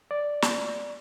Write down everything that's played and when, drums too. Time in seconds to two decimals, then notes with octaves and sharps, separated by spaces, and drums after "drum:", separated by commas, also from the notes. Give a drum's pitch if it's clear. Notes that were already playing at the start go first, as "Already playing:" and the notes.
0.11 D5
0.42 drum: snare